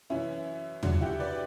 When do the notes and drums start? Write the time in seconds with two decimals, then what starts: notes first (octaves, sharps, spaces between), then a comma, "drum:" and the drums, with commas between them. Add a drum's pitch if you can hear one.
0.10 F#2 E3 C#4 E4
0.83 D2 C#3 F#3 D4 F#4, drum: tom
1.01 E4 G4
1.20 B4 D5